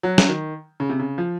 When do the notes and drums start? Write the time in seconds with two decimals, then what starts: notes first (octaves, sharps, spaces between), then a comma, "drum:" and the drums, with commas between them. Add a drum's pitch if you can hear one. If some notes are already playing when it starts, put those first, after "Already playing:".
0.03 F#3
0.18 drum: snare
0.29 D#3
0.80 C#3
0.89 C3
0.99 C#3
1.18 F3